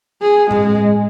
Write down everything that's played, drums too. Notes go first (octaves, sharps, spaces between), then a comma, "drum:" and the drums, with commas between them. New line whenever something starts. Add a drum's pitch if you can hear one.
G#4
G#3, drum: tom A2